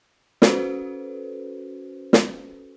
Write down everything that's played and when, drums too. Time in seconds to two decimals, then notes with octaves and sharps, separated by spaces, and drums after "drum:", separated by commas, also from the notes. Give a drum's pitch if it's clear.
0.42 C#4 F#4 A4 B4 C5, drum: snare
2.13 drum: snare